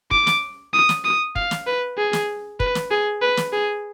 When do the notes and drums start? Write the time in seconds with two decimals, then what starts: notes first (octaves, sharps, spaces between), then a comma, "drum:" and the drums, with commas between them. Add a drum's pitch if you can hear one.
0.11 D6, drum: kick
0.27 drum: snare
0.73 D#6
0.89 drum: snare
1.05 D#6
1.36 F5, drum: kick
1.51 drum: snare
1.67 B4
1.98 G#4
2.13 drum: snare
2.60 B4, drum: kick
2.75 drum: snare
2.91 G#4
3.22 B4
3.37 drum: snare
3.53 G#4